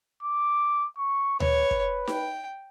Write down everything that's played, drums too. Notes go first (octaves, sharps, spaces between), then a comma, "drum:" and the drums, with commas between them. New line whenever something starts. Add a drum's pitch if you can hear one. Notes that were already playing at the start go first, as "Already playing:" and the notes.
D6
C#6
B4 C#5, drum: tom D2
drum: kick
G5, drum: snare D#4